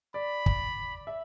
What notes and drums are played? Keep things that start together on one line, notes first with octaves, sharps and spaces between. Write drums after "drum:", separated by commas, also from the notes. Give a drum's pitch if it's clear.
D5 B5
drum: kick
E5